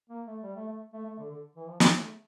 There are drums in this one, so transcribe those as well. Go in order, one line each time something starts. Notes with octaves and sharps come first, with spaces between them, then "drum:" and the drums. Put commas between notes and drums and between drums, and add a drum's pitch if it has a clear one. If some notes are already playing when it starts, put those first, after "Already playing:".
A#3
A3
G3
A3
A3
A3
A3
D3
D3
E3
F3
A#3, drum: snare
A3